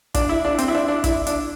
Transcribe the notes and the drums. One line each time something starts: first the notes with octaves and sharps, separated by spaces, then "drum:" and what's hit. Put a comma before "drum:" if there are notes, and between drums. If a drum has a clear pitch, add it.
D4, drum: kick, hi-hat
E4
D4
C4, drum: hi-hat
E4
D4
D4
E4, drum: kick, hi-hat
D4, drum: hi-hat